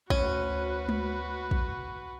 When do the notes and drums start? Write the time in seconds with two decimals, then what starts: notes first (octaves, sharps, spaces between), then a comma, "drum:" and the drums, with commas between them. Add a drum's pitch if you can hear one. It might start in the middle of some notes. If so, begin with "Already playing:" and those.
0.10 D2 C#4 F#4 B4, drum: kick
0.89 drum: tom G#3
1.51 drum: kick